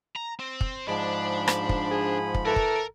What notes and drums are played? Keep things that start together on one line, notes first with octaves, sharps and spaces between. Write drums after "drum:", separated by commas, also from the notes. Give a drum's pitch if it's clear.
A#5
C4
drum: kick
G#2 F3 G#3 D4 B5
drum: rim click
drum: kick
G#4
drum: kick
E3 A4 A#4
drum: kick